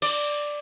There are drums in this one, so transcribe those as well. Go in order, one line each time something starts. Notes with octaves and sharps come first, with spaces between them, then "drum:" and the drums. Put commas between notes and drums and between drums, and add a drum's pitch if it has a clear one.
D5, drum: cymbal